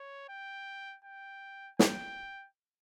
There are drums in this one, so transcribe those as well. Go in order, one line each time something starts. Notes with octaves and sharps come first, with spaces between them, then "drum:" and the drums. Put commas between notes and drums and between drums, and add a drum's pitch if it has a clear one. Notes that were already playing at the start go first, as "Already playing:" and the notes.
Already playing: C#5
G5
G5
G5, drum: snare